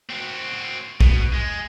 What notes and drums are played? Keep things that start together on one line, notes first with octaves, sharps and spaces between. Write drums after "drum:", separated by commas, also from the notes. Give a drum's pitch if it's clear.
C4 F#4
B2, drum: kick A#1
G#3